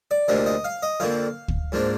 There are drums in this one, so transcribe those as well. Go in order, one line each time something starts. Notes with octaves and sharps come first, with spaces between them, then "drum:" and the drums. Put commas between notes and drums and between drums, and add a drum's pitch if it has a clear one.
D5
D2 C3 F3 A#3 D4 D#5
D#5
F5
D#5
F2 D3 F3 A#3 F5
drum: kick
G#2 F3 A#3 D4